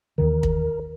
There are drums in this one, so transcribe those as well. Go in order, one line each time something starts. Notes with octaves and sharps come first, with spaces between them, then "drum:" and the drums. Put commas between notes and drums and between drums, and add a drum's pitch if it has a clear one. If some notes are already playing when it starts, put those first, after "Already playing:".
D#2 D#3 E3 A#4
drum: kick